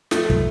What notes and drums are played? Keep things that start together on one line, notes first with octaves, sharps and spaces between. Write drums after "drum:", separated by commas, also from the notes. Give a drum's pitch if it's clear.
F3 A3, drum: snare
drum: kick